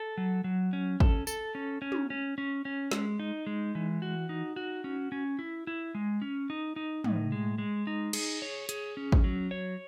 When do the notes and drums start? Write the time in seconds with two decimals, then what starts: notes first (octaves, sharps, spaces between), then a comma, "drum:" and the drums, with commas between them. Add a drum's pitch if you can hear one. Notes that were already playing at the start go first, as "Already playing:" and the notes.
Already playing: A4
0.17 F#3
0.44 F#3
0.73 C#4
1.00 A4, drum: kick
1.27 A4, drum: tambourine
1.55 C#4
1.82 C#4
1.92 drum: tom
2.10 C#4
2.38 C#4
2.65 C#4
2.91 G#3, drum: snare
3.19 D#4
3.47 G#3
3.75 E3
4.02 F#4
4.29 D#4
4.56 F#4
4.84 C#4
5.12 C#4
5.39 E4
5.67 E4
5.95 G#3
6.22 C#4
6.50 D#4
6.76 D#4
7.04 A2, drum: tom
7.32 G#3
7.58 G#3
7.87 D#4
8.13 G#4, drum: cymbal
8.42 C#5
8.69 G#4, drum: hi-hat
8.97 C#4
9.12 drum: kick
9.24 F#3
9.51 C#5